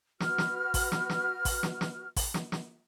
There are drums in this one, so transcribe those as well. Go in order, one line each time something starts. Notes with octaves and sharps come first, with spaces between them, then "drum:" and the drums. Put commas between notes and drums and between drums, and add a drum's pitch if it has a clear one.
F#4 B4 F6, drum: snare
drum: snare
drum: kick A1, open hi-hat
drum: snare
drum: snare
drum: kick A1, open hi-hat
drum: snare
drum: snare
drum: kick A1, open hi-hat
drum: snare
drum: snare